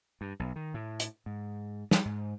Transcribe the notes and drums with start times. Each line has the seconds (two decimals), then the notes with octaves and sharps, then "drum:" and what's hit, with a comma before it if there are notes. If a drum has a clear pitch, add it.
0.21 G2
0.40 B1
0.56 D#3
0.74 A2
1.00 drum: hi-hat
1.26 G#2
1.91 G3, drum: snare
2.05 G#2